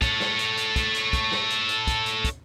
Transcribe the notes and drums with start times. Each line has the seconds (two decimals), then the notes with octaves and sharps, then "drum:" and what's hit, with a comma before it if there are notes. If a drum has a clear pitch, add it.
0.02 A4 C#5, drum: kick, hi-hat
0.20 drum: snare
0.39 drum: hi-hat
0.57 drum: hi-hat
0.76 drum: kick, hi-hat
0.95 drum: hi-hat
1.13 drum: kick, hi-hat
1.32 drum: snare
1.50 drum: hi-hat
1.69 drum: hi-hat
1.87 drum: kick, hi-hat
2.06 drum: hi-hat
2.24 drum: kick, hi-hat